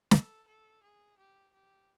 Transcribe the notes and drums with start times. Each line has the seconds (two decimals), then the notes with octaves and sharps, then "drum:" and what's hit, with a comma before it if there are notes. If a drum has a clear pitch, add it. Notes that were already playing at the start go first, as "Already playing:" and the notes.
0.11 A4, drum: snare
0.47 A4
0.83 G#4
1.18 G4
1.53 G4